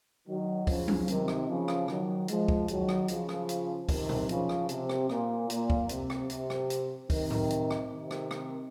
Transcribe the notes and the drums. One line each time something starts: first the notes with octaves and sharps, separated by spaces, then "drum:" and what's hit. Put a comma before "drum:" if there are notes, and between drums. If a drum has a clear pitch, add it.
D#3 F#3
C#3 F3, drum: kick C#2, open hi-hat
drum: tom F#3
C3 D#3, drum: hi-hat
drum: rim click
C#3 F3
drum: rim click
D#3 F#3, drum: rim click
F3 G#3, drum: hi-hat
drum: kick C#2
D#3 F#3, drum: hi-hat
drum: rim click
C#3 F3, drum: hi-hat
drum: rim click
drum: hi-hat
C3 D#3, drum: kick C#2, open hi-hat
drum: tom A#2
C#3 F3, drum: hi-hat
drum: rim click
C3, drum: hi-hat
drum: rim click
A#2, drum: rim click
A#2, drum: hi-hat
drum: kick C#2
C3, drum: hi-hat
drum: rim click
C3, drum: hi-hat
drum: rim click
drum: hi-hat
C3 D#3, drum: kick C#2, open hi-hat
drum: tom A2
drum: hi-hat
drum: rim click
C3 D#3
drum: rim click
drum: rim click